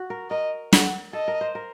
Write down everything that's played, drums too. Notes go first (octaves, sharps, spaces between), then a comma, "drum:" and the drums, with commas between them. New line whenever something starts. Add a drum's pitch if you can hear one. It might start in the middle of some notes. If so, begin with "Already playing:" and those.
Already playing: F#4
A#4
A#4 D#5
F#5, drum: snare
A4 D#5
A#4
C5
A#4